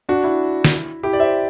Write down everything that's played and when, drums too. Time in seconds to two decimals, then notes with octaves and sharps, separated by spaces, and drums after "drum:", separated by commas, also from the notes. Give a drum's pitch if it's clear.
0.09 D4 F#4
0.24 E4
0.65 drum: snare
1.03 E4 G4
1.13 D5
1.19 C5 E5